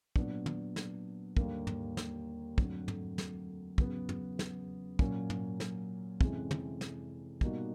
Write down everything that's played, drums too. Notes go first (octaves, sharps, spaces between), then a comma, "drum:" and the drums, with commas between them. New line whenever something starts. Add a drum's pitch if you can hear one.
A#2 F#3 B3 D4, drum: kick
drum: tom
drum: snare
D#2 D3 G3 A#3, drum: kick
drum: tom
drum: snare
F2 D3 F#3 A3, drum: kick
drum: tom
drum: snare
E2 C#3 F#3 B3, drum: kick
drum: tom
drum: snare
A#2 F#3 A#3 C#4, drum: kick
drum: tom
drum: snare
F2 C3 E3 G#3 C#4, drum: kick
drum: tom
drum: snare
B2 G3 A#3 D#4 F#4, drum: kick